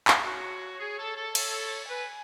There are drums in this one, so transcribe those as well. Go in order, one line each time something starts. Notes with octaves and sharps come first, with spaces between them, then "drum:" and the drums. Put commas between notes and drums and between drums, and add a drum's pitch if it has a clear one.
drum: clap
F#4 C#5
G#4
A4
A4
C#5, drum: cymbal
B4 G#5